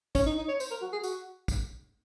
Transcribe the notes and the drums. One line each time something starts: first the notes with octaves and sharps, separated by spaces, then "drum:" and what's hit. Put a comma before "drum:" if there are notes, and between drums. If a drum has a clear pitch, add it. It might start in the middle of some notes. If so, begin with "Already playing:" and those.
C#4, drum: kick, tambourine
D#4
D#4
C#5
C5, drum: tambourine
A#4
F#4
G#4
F#4, drum: tambourine
drum: kick, tambourine